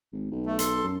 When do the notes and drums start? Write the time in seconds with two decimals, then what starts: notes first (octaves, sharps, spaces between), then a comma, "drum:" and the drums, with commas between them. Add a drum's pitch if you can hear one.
0.12 G#1
0.31 B1
0.46 A3
0.59 A4 C6, drum: hi-hat
0.84 F#2